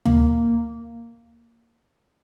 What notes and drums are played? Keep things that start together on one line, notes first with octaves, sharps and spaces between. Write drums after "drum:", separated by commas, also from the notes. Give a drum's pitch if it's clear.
A#3, drum: tom D2